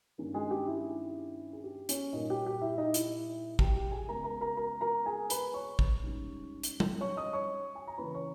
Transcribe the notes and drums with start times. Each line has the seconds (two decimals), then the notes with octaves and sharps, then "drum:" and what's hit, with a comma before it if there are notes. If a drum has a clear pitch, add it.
0.18 G2 D#3 A#3 C#4
0.34 G#3 G#4
0.51 G4
0.67 E4
1.53 G#4
1.64 G4
1.89 C#4 C#5, drum: hi-hat
2.13 A#2 G3 A#3 D#4 D#5
2.30 G4
2.46 G4
2.61 E4 E5
2.78 D#4 D#5
2.94 E4 E5, drum: hi-hat
3.59 G4 G5, drum: kick
3.75 G4 G5
3.91 G#4 G#5
4.08 C#3 G#3 B3 A#4 A#5
4.24 A#4 A#5
4.41 A#4 A#5
4.57 A#4 A#5
4.81 A#4 A#5
5.06 G#4 G#5
5.30 B4 B5, drum: hi-hat
5.54 C#5 C#6
5.79 drum: kick
6.03 G#2 G3 C#4
6.63 drum: hi-hat
6.80 drum: tom G3
7.01 C#5 C#6
7.17 D#5 D#6
7.33 C#5 C#6
7.75 G#5
7.88 A#5
7.98 C#3 E3 A#3 C#4 B4 B5
8.15 C#5 C#6